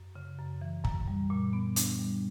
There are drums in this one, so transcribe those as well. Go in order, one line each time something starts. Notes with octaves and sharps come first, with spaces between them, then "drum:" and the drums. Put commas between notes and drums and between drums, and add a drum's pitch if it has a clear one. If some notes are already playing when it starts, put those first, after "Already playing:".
Already playing: F#2
C#3
F#2
E3
F#2, drum: kick
G3
A#2
B3
D4, drum: hi-hat
G3